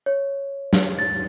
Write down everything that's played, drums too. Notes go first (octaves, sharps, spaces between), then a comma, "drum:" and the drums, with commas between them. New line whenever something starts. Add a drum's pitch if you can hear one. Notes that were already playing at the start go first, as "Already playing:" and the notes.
C#5
drum: snare
A6